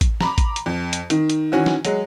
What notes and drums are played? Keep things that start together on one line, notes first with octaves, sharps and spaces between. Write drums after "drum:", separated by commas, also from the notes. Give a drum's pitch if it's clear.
drum: kick A1, hi-hat
A#5 B5 D6, drum: snare
drum: kick A1, hi-hat
drum: hi-hat
F2
drum: hi-hat
D#3, drum: hi-hat
drum: hi-hat
D#3 E3 C#4 F#4
drum: snare
F#3 G#3, drum: hi-hat